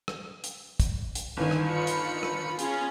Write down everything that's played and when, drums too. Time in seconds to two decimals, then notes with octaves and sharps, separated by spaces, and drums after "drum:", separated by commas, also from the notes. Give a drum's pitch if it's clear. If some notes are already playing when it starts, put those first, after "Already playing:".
0.08 drum: rim click
0.44 drum: hi-hat
0.80 drum: kick, hi-hat
1.15 drum: hi-hat
1.37 G1 D#3 G#5
1.51 drum: rim click
1.67 F4 B5 C#7
1.87 drum: hi-hat
2.23 drum: rim click
2.59 C#4 F4 G#4, drum: hi-hat